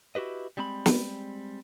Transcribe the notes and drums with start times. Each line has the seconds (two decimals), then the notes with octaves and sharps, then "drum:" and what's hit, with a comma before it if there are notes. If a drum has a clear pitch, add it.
0.15 E4 F#4 G4 B4 D#5
0.57 G3 G#3 C4 A5 B5
0.86 drum: snare